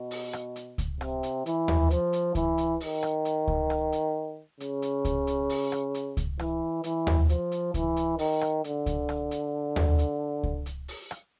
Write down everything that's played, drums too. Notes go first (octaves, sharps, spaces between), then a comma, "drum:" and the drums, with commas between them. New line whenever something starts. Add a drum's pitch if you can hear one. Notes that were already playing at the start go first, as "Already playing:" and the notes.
Already playing: B2
drum: open hi-hat
drum: rim click
drum: hi-hat
drum: kick C#2, hi-hat
C3, drum: rim click
drum: hi-hat
E3, drum: hi-hat
drum: tom D#2
F3, drum: hi-hat
drum: hi-hat
E3, drum: kick C#2, hi-hat
drum: hi-hat
D#3, drum: open hi-hat
drum: rim click
drum: hi-hat
drum: kick C#2
drum: rim click
drum: hi-hat
C#3, drum: hi-hat
drum: hi-hat
drum: kick C#2, hi-hat
drum: hi-hat
drum: open hi-hat
drum: rim click
drum: hi-hat
drum: kick C#2, hi-hat
E3, drum: rim click
E3, drum: hi-hat
drum: tom D#2
F3, drum: hi-hat
drum: hi-hat
E3, drum: kick C#2, hi-hat
drum: hi-hat
D#3, drum: open hi-hat
drum: rim click
D3, drum: hi-hat
drum: kick C#2, hi-hat
drum: rim click
drum: hi-hat
drum: tom D#2
drum: hi-hat
drum: kick C#2
drum: hi-hat
drum: open hi-hat
drum: rim click